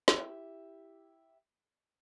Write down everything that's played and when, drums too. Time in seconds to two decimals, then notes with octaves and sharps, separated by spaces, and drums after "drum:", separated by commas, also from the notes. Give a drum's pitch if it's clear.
0.08 E4 G4 E5, drum: snare